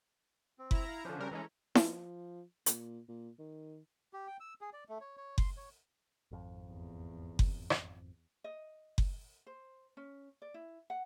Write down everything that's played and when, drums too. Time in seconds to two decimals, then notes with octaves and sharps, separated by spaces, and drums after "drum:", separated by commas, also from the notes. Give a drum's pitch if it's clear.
0.59 C4
0.71 E4 A#5, drum: kick F#1
0.88 F5
1.05 D3 F3 C#4 D4 C5
1.19 C#3 G3 A#4
1.31 E3 G#3 C#4 A4 A#5
1.75 F3, drum: snare E4
2.66 A#2, drum: hi-hat
3.08 A#2
3.39 D#3
4.13 G4
4.28 G5
4.40 E6
4.61 G#4
4.73 D5
4.89 A3
5.01 C#5
5.17 C#5
5.38 C6, drum: kick F#1
5.57 C#5
6.31 G#1 F2
6.70 E2
7.39 drum: kick F#1
7.70 drum: rim click
8.44 D#5
8.98 drum: kick F#1
9.47 C5
9.97 C#4
10.42 D5
10.54 E4
10.90 F#5